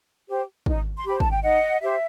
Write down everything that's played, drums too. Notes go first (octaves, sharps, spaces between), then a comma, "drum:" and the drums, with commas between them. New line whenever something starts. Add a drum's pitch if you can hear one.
G4 C5
D#4, drum: kick
C6
G4 C5 B5
A5, drum: kick
G5
D#4 D#5 F#5
G4 C5 E5